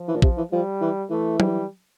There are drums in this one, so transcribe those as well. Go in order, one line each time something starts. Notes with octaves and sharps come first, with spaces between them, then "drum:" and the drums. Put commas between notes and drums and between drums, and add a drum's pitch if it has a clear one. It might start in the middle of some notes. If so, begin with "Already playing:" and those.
Already playing: F3
E3
A#2
C3, drum: kick
E3
F3 G3
E3
E3 A3
G3, drum: tom F#3